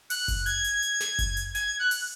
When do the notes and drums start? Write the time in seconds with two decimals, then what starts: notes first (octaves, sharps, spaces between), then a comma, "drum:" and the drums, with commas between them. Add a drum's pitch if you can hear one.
0.10 F#6, drum: open hi-hat
0.28 drum: kick F#1, hi-hat
0.46 G#6, drum: hi-hat
0.64 drum: hi-hat
0.82 drum: hi-hat
1.00 drum: snare
1.19 drum: kick F#1, hi-hat
1.37 drum: hi-hat
1.55 G#6, drum: hi-hat
1.79 F#6
1.91 drum: open hi-hat